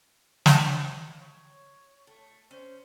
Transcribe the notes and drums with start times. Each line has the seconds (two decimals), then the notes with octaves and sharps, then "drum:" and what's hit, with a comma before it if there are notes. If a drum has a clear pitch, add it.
0.46 C5 D#5, drum: snare
1.20 C#5
2.07 A3
2.51 C#4 C5